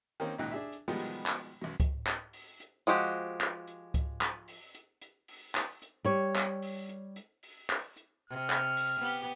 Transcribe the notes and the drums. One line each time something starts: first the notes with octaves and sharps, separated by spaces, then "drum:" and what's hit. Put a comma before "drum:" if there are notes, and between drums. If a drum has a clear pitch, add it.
D#3 A#3 C4 C#4
G#1 C#2 A#2 D#4 G5 F#6
D4 G#4 E5
drum: hi-hat
B2 D#3 F3 G3 G#3 B3
drum: open hi-hat
drum: clap
B1 F#2
drum: kick C#2, hi-hat
drum: clap
drum: open hi-hat
drum: hi-hat
F3 G#3 F#4 G4
drum: clap
drum: hi-hat
drum: kick C#2, hi-hat
drum: clap
drum: open hi-hat
drum: hi-hat
drum: hi-hat
drum: open hi-hat
drum: clap
drum: hi-hat
G3 C#5
drum: clap
drum: open hi-hat
drum: hi-hat
drum: hi-hat
drum: open hi-hat
drum: clap
drum: hi-hat
C3 F6
drum: clap
drum: open hi-hat
B3 G4